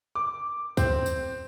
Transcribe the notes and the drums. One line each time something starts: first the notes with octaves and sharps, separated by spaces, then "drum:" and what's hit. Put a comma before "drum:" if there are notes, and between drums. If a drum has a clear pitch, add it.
D6
C4, drum: kick, tambourine
drum: tambourine